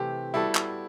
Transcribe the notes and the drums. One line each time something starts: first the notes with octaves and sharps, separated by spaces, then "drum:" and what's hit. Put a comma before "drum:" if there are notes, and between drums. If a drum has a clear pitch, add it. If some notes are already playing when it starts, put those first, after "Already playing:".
Already playing: C3 E3 A3 C4 G4
G3 B3 E4 F#4 A4
drum: clap